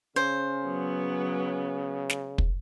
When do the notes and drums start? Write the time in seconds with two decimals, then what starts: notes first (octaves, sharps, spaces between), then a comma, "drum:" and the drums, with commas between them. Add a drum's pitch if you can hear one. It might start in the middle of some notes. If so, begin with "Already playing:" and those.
0.16 C#3 C#4 C5
0.67 F#3 B3
2.10 drum: snare
2.38 drum: kick